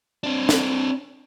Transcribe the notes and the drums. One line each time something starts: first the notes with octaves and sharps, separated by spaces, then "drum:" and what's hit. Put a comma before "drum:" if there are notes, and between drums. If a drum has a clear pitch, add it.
C4 D4
drum: snare